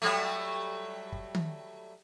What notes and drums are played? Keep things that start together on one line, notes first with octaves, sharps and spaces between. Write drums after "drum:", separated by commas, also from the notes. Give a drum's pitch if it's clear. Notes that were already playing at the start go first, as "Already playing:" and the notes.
F#3 G3 A3
drum: kick
drum: tom D#3